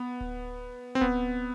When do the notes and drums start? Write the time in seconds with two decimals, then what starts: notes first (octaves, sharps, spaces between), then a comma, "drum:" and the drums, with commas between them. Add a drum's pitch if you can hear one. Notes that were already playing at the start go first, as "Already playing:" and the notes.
Already playing: B3
0.21 drum: kick D1
0.95 C4
1.01 B3, drum: kick D1